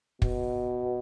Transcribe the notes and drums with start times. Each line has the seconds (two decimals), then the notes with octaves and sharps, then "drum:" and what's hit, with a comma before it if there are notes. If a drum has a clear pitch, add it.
0.22 B2, drum: kick